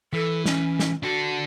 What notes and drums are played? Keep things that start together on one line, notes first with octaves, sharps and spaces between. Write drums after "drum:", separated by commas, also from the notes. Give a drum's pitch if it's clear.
E3 A4
C#4, drum: snare
drum: snare
D4 F#4 A4